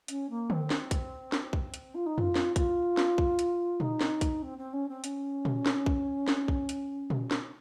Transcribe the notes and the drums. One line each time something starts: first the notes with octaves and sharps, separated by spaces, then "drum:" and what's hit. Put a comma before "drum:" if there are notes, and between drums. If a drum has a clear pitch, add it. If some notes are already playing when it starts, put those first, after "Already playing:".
C#4, drum: hi-hat
A#3
C4, drum: tom D3
drum: snare
drum: kick, hi-hat
drum: snare
drum: kick
drum: hi-hat
F4
D#4
F4, drum: tom F2
drum: snare
F4, drum: kick, hi-hat
drum: snare
drum: kick
drum: hi-hat
D#4, drum: tom A#2
drum: snare
drum: kick, hi-hat
C4
C4
C#4
C4
C#4, drum: hi-hat
drum: tom A#2
drum: snare
drum: kick
drum: snare
drum: kick
drum: hi-hat
drum: tom A#2
drum: snare